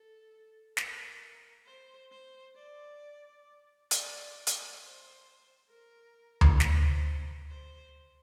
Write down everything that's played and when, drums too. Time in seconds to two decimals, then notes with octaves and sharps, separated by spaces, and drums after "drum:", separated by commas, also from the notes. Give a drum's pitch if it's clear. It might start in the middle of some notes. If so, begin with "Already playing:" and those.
Already playing: A4
0.77 A#4, drum: snare
1.66 C5
2.11 C5
2.55 D5
3.91 D5, drum: hi-hat
4.47 drum: hi-hat
4.81 C5
5.69 A#4
6.41 drum: tom D2
6.60 C5, drum: snare
7.50 C5